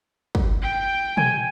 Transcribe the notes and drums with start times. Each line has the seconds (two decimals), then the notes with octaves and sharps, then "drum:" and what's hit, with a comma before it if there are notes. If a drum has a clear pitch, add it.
0.35 drum: kick
0.62 G5
1.17 G#5, drum: tom